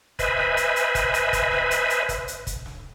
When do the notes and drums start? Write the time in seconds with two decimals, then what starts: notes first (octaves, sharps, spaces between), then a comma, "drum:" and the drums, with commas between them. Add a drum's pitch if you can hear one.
0.19 B4 C5 D#5 E5 G#5 B5, drum: kick, hi-hat
0.38 drum: snare
0.57 drum: hi-hat
0.76 drum: hi-hat
0.95 drum: kick, hi-hat
1.14 drum: hi-hat
1.33 drum: kick, hi-hat
1.52 drum: snare
1.71 drum: hi-hat
1.90 drum: hi-hat
2.09 drum: kick, hi-hat
2.28 drum: hi-hat
2.47 drum: kick, hi-hat
2.66 drum: snare